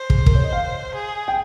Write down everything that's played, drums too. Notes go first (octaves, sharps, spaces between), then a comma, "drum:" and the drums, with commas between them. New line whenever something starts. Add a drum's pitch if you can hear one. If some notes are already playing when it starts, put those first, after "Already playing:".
Already playing: C5
G#4, drum: kick
A#4, drum: kick
C#5
D#5
F5
G#4
G5